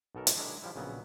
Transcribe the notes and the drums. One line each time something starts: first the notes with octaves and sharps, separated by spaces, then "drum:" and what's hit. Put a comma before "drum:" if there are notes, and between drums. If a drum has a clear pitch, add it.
B1 B2 A4 A#4
drum: hi-hat
F#3 G#3 D4 E4 A#4 E5
F3 G3 E4
A#1 C#3 F#3 B3